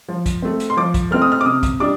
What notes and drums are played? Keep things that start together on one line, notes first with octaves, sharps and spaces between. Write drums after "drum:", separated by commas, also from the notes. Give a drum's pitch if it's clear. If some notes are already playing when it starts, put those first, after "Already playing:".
F3
drum: kick, hi-hat
A3 C4
drum: hi-hat
C6
F3 D6
drum: kick, hi-hat
A3 C4 F6
D#6
F6
D6
C3 D#6
drum: kick, hi-hat
G3 D4 D6